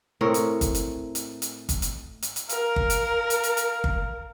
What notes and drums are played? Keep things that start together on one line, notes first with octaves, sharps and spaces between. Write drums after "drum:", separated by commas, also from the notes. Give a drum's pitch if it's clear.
A2 C4 A#4 C#5
drum: hi-hat
drum: kick G1, hi-hat
drum: hi-hat
drum: hi-hat
drum: hi-hat
drum: kick G1, hi-hat
drum: hi-hat
drum: hi-hat
drum: hi-hat
A#4 F5, drum: hi-hat
drum: kick G1
drum: hi-hat
drum: hi-hat
drum: hi-hat
drum: hi-hat
drum: kick G1